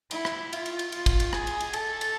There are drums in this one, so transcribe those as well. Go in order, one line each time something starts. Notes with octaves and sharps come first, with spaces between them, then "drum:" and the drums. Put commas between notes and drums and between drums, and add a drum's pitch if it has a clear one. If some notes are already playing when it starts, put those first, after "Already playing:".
E4, drum: cymbal
drum: rim click
F4, drum: cymbal
drum: cymbal
drum: cymbal
F4, drum: cymbal
drum: kick, cymbal
drum: cymbal
G#4, drum: rim click
drum: cymbal
drum: cymbal
A4, drum: cymbal
drum: cymbal